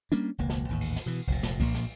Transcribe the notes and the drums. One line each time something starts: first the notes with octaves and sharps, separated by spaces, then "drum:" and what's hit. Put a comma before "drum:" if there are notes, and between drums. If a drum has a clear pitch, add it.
G3 A#3 C#4 D4
E1 C#2 A#3
drum: snare
A1 D#2 G#2
drum: cymbal
drum: snare
B2 E3
F1 A#2, drum: kick C2, cymbal
drum: snare
A#1 A#2 F3 A#3, drum: kick C2, cymbal
drum: snare